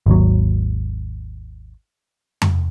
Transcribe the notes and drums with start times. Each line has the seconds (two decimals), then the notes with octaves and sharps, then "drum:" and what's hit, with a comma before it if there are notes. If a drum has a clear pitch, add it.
0.06 G#1 D#2 F#3
2.42 drum: tom F2